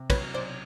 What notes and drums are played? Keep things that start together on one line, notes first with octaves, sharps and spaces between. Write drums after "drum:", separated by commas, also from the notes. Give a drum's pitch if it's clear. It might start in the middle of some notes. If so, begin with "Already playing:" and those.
Already playing: C3
F#3 B4 C#5, drum: kick, cymbal
B1 C5 D5